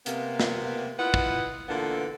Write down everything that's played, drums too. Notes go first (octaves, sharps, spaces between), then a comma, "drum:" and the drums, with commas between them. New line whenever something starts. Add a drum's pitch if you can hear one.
C3 A#3 B3, drum: hi-hat
drum: snare
E4 F4 B4 D#5 F#5
drum: kick
A#2 D3 E3 A#3 B3 A4